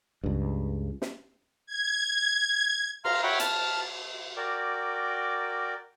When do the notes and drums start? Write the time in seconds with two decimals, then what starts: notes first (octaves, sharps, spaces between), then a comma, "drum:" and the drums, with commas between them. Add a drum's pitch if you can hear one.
0.24 C#2 G2
1.02 drum: snare
1.66 G#6
3.05 F5 A#5 C6 F6, drum: cymbal
3.23 C#5 E5 F#5 G5 B5
3.40 A5 F6, drum: hi-hat
4.37 F#4 A#4 D5 G5 D6